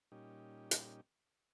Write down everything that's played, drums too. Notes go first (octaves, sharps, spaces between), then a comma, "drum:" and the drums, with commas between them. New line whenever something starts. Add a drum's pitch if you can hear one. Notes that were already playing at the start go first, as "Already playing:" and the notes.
A#2 G3 C#4 D#4 G4
drum: hi-hat